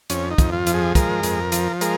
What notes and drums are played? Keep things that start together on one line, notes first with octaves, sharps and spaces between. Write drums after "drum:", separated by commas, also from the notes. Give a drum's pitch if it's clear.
F2 C#4, drum: hi-hat
D#4
F2, drum: kick, hi-hat
F4
F3, drum: hi-hat
G#4
G#3 A#4, drum: kick, hi-hat
F2, drum: hi-hat
F3, drum: hi-hat
G#3 A#4, drum: hi-hat